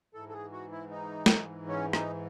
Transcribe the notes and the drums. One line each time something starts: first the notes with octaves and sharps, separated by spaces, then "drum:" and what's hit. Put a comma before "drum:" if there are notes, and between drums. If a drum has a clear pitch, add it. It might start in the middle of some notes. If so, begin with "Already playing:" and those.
G#2 E3 A4
A4
G#4
F#4
E4
D#4
drum: snare
C#4
D#4, drum: rim click